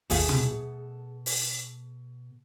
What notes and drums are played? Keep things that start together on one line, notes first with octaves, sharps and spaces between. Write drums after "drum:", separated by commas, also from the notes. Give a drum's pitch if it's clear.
G#1 D#2 B2 A3 F4 G#4 A4 F#5, drum: open hi-hat
drum: tom
drum: open hi-hat